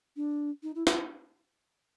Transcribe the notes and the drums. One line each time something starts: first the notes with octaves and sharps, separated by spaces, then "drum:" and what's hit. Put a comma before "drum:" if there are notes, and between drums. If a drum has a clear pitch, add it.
D4
D#4
E4
F4, drum: snare